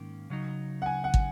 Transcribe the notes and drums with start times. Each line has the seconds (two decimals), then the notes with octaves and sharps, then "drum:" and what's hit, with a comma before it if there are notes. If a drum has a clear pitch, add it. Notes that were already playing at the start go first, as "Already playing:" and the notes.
Already playing: G#2 D#3 A#3 C#4
0.30 C#3 F#3 D#4
0.82 F#5
0.86 G#5
1.04 F#5
1.14 drum: kick